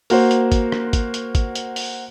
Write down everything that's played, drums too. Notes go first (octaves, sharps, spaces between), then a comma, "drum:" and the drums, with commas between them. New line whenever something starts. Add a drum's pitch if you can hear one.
A#3 F#4 C5, drum: open hi-hat
drum: hi-hat
drum: kick, hi-hat
drum: rim click
drum: kick, hi-hat
drum: hi-hat
drum: kick, hi-hat
drum: hi-hat
drum: open hi-hat